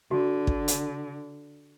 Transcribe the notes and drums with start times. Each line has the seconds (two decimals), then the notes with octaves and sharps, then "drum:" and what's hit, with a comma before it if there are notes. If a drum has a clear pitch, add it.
0.11 D3 F#4
0.47 drum: kick
0.68 drum: hi-hat